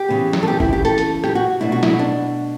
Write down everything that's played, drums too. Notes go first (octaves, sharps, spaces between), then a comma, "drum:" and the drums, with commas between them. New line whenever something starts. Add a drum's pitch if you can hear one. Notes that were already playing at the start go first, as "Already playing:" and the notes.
Already playing: G4
C#3 E3 B3
drum: snare
A4
G4
E4, drum: kick
G4
A4, drum: hi-hat
drum: hi-hat
G4, drum: rim click
F#4
B2 A3 D4 E4
F#4
E4, drum: snare
D4